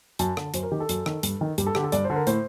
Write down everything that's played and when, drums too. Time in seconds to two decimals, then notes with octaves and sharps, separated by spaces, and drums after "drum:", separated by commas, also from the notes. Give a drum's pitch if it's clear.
0.19 F#2 A5, drum: hi-hat
0.37 D3, drum: rim click
0.54 F#2 C5, drum: hi-hat
0.63 A#4
0.72 D#3 G4
0.80 A4
0.89 F#2, drum: hi-hat
1.06 D#3, drum: rim click
1.23 G2, drum: hi-hat
1.41 D#3
1.58 G2 G4, drum: hi-hat
1.67 A4
1.75 D3 G4, drum: rim click
1.84 A4
1.92 G2 D5, drum: hi-hat
2.04 C5
2.10 D3
2.16 A#4
2.27 A2 C5, drum: hi-hat